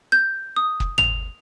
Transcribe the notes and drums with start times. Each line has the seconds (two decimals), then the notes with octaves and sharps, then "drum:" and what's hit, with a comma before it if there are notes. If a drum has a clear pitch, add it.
0.12 G6
0.56 D#6
0.80 drum: kick
0.98 F7, drum: tom G#1